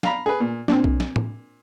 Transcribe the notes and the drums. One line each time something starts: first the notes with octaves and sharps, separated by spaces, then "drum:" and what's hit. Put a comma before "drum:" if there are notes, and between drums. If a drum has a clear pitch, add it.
F5 A#5 B5, drum: snare
G#4 B4
A#2
A#2 C4 D4, drum: snare
drum: kick B1
drum: snare
drum: tom A2